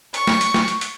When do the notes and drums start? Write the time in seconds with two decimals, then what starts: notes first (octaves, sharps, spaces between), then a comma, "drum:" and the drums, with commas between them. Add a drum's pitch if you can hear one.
0.14 C#6, drum: hi-hat
0.27 drum: snare
0.41 drum: hi-hat
0.54 drum: snare
0.68 drum: hi-hat
0.81 drum: hi-hat